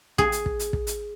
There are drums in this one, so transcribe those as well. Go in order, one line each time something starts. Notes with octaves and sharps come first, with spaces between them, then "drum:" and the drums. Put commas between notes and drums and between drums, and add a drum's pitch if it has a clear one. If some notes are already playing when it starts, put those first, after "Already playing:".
G#4, drum: kick
drum: hi-hat
drum: kick
drum: hi-hat
drum: kick
drum: hi-hat